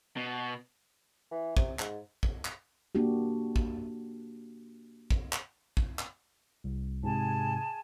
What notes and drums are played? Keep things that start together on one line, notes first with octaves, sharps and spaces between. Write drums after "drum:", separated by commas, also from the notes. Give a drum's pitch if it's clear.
B2
E3
C3, drum: kick
G#2, drum: clap
drum: kick
drum: clap
A#3 D4 F#4 G4
drum: kick
drum: kick
drum: clap
drum: kick
drum: clap
C2
G#2 C3 G#4 G#5 A5